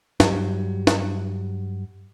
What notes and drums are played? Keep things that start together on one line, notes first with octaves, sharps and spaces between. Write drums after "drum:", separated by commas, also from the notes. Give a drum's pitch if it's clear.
G2 F#3 G3, drum: snare
drum: snare